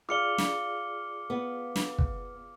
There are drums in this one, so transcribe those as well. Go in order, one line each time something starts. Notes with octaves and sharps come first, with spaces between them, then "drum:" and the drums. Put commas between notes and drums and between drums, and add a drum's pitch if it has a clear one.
F4 G#4 D5 F5 D6 C#7 G7
drum: snare
B3
drum: snare
drum: kick